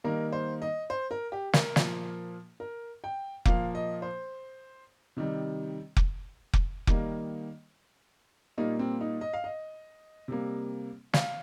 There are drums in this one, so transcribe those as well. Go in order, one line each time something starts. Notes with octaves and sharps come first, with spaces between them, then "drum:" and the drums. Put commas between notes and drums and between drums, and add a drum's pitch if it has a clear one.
D#3 G3 A#3 A#4
C5
D#5
C5
A#4
G4
A#4, drum: snare
A#2 F3 A#3, drum: snare
A#4
G5
A#2 F3 A#3 F5, drum: kick F1
D#5
C5
C3 D#3 G3
drum: kick F1
drum: kick F1
D#3 G3 A#3, drum: kick F1
A#2 G3 A#3 D#4
C4
D#4
D#5
F5
D#5
C3 G3 A#3
F5, drum: snare